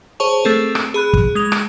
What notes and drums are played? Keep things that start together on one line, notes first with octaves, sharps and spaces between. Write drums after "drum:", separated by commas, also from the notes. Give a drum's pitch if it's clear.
G#4 C5 C#5 A5 C#6 F7
A3 C4 A4 A#4
drum: rim click
G#4 B5 F#6
drum: kick
G#3 D#6 F7
drum: rim click